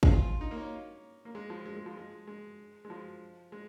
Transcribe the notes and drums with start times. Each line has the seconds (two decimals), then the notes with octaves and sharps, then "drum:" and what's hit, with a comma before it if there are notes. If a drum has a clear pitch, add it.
0.03 G#4, drum: kick
0.10 F4
0.41 D#4
0.51 A#3
0.56 C#4
1.25 A#3
1.35 G#3
1.50 F3
1.66 G#3
1.76 G#3
1.86 F3
1.97 G#3
2.27 G#3
2.85 G#3
2.90 F3
3.52 G#3